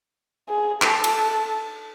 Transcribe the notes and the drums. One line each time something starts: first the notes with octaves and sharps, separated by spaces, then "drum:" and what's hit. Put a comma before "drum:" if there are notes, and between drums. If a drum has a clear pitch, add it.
G#4
A4, drum: clap
drum: cymbal